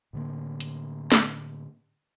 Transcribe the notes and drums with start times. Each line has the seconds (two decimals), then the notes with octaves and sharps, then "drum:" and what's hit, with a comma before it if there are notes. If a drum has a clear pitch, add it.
0.13 A2 D3 A#3
0.60 drum: hi-hat
1.12 drum: snare